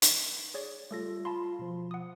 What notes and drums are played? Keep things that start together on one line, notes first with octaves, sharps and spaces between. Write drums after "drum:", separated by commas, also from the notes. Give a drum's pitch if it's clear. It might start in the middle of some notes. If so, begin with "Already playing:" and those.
D#4 C7, drum: hi-hat
G#4 C#5 D5
G3 A3 F4 A4 A#6
F4 A5 B5 C6
B2 F3
F#5 D#6